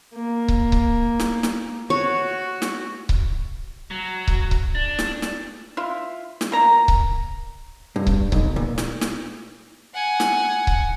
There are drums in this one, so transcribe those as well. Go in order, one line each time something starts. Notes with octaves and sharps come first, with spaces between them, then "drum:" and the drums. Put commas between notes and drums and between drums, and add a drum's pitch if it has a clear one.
A#3
drum: kick C#1
drum: kick C#1
drum: snare
drum: snare
F#4 C#5
drum: snare
drum: kick C#1
F#3
drum: kick C#1
drum: kick C#1
D4
drum: snare
drum: snare
E4 F4
drum: snare
A#3 A#5
drum: kick C#1
G2
drum: kick C#1
B1, drum: kick C#1
A#2
drum: snare
drum: snare
F#5 G#5
drum: snare
drum: kick C#1